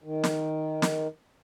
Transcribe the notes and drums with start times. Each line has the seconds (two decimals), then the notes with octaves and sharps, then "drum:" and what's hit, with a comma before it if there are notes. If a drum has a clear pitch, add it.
0.04 D#3
0.24 drum: snare
0.82 drum: snare